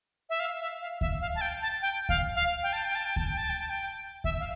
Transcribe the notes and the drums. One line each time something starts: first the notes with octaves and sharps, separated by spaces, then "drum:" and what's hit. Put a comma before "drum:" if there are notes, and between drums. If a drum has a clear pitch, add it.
E5
F5
E5
F5
E5, drum: kick D2
F5
A5
G5
A5
G5
F5, drum: kick D2
F5
G5
A5
G5
A5
G5
A5, drum: kick D2
G5
A5
G5
A5
G5
E5, drum: kick D2
F5